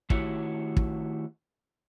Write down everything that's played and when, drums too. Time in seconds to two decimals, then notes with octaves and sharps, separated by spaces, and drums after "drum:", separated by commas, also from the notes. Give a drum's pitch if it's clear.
0.10 D#3 A3 E4 F#4 G4 C#5, drum: kick
0.77 drum: kick